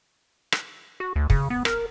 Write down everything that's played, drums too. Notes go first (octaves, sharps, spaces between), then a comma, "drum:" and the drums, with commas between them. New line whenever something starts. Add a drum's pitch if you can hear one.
drum: rim click
F#4
D2
C#3, drum: kick
B3
A#4, drum: rim click